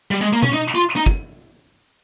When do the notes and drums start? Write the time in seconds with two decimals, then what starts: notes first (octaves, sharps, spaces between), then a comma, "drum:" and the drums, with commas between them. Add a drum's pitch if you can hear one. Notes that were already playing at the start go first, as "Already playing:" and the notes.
0.11 G3
0.21 G#3
0.33 A#3
0.43 C#4, drum: tom B2
0.53 D#4
0.75 F4
0.96 D#4
1.06 drum: kick